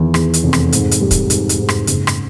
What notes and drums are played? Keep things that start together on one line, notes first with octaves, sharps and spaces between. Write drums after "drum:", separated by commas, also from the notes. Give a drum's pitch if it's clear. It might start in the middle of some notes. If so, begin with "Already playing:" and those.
Already playing: E2 D#3
E2, drum: rim click
drum: hi-hat
F1
drum: rim click
G#2, drum: hi-hat
drum: hi-hat
G3
drum: kick, hi-hat
G#2, drum: hi-hat
drum: hi-hat
G#2
drum: rim click
F#1, drum: hi-hat
drum: rim click